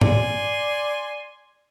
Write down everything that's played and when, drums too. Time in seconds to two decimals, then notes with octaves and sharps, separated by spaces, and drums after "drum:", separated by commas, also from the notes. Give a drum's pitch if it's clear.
0.01 D5 G#5 C6, drum: tom G2